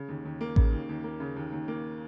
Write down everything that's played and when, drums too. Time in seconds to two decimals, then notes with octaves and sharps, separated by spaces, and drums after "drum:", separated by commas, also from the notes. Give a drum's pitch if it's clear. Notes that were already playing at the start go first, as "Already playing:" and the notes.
Already playing: C#3
0.08 D#2
0.25 D#2
0.41 A#3
0.56 C#3, drum: kick A1
0.72 D#2
0.89 D#2
1.04 A#3
1.20 C#3
1.36 D#2
1.52 D#2
1.68 A#3